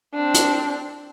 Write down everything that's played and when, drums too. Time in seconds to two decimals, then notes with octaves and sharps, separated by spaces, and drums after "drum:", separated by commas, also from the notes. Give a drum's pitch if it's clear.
0.14 C4 D4
0.34 drum: hi-hat